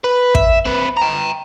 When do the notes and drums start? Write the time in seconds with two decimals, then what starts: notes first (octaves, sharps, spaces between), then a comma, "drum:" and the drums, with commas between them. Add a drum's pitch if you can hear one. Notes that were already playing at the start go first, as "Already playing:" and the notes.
0.04 B4
0.35 E5, drum: kick
0.65 C4 B4
0.97 G5 A#5